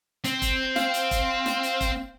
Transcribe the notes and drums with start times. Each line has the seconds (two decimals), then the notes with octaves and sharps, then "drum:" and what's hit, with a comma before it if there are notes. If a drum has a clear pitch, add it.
0.24 C4, drum: hi-hat
0.42 drum: kick E1, hi-hat
0.76 F5, drum: snare
0.94 drum: hi-hat
1.11 drum: kick E1, hi-hat
1.46 drum: snare
1.63 drum: hi-hat
1.81 drum: kick E1, hi-hat